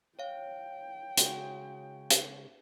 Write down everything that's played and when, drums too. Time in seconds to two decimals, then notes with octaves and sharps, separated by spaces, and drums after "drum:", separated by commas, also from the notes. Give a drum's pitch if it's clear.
0.19 C#5 F5 G5
1.17 C#3 G#3 F#4, drum: hi-hat
2.10 drum: hi-hat